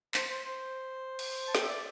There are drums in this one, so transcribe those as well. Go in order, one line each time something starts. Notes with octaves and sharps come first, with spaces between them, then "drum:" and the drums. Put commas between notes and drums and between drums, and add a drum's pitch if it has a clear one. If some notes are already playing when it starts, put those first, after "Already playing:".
C5, drum: clap
C5
C5
drum: cymbal
A5
G5, drum: snare
E5
D5